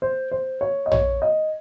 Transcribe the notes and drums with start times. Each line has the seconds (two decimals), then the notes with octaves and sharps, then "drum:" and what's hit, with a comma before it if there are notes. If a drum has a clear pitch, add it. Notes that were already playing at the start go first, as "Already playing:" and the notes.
0.02 C5
0.31 C5
0.61 C#5
0.86 D#5
0.92 C#5, drum: tom
1.22 D#5